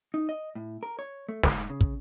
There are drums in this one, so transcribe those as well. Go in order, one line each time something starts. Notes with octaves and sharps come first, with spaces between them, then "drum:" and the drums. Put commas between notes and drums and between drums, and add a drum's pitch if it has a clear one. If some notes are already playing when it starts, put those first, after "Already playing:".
D#4
D#5
A2
A#4
C#5
A3
G#2, drum: snare
C#3
drum: kick